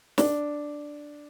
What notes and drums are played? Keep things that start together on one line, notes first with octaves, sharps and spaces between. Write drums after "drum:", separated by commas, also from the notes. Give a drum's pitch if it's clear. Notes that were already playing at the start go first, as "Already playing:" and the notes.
D4, drum: snare